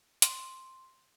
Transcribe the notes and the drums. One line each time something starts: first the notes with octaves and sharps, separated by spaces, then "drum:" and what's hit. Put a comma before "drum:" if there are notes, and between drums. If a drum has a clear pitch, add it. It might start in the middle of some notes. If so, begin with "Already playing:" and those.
C6, drum: hi-hat